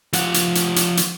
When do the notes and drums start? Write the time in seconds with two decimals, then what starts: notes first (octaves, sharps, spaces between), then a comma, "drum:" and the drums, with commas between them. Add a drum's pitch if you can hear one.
0.13 F3 F#5, drum: hi-hat
0.34 drum: hi-hat
0.55 drum: hi-hat
0.76 drum: hi-hat
0.97 drum: hi-hat